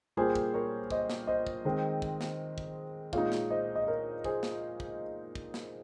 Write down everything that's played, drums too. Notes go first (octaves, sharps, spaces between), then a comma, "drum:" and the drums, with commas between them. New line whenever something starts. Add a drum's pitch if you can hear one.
A#2 G3 A#3 G#4 C5
drum: kick
A#4 C#5
C5 D#5, drum: kick
drum: snare
C5 D#5
drum: kick
D#3 G#3 C4
drum: kick
drum: snare
drum: kick
A#2 G#3 D#4 C#5 F5, drum: kick
drum: snare
C5 D#5
D#5
A#4 C#5
G#4 C5, drum: kick
drum: snare
drum: kick
drum: kick
drum: snare